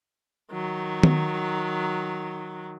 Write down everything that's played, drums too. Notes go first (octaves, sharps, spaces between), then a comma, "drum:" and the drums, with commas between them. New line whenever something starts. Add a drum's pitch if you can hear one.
D#3 F#3
drum: tom D#3